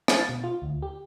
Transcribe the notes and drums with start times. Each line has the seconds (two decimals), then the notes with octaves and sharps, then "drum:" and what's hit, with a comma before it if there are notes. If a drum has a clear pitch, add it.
0.08 A6, drum: rim click
0.29 B2
0.44 F4
0.62 D2
0.82 G4